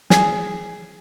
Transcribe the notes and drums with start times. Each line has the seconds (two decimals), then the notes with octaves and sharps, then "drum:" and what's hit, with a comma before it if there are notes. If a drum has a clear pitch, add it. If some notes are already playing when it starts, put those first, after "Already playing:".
0.10 G#4, drum: snare